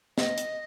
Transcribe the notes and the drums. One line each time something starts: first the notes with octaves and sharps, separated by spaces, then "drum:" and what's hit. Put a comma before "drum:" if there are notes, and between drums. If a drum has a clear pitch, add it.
D#5, drum: snare
drum: hi-hat